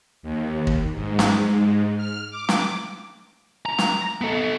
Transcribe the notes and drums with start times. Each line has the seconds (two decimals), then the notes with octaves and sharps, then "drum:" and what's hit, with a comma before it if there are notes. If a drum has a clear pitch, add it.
0.23 D#2
0.67 drum: kick
0.94 G#2
1.19 drum: snare
1.97 F6
2.31 D6
2.49 drum: snare
3.66 A#5
3.78 drum: snare
4.21 B3 A4